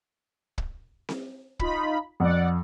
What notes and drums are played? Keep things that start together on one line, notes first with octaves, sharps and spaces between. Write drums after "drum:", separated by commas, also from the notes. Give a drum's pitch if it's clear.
drum: kick
drum: snare C4
D#4 F4 B5, drum: kick
F2 D5 F#5